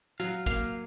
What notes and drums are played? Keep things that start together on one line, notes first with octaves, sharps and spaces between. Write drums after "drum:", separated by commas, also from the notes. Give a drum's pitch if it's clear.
F#3 F5, drum: hi-hat
A#3 F5, drum: kick, hi-hat